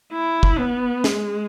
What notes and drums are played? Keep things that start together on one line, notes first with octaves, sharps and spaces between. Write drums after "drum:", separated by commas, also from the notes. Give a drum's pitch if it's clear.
E4
drum: kick
B3
G#3, drum: snare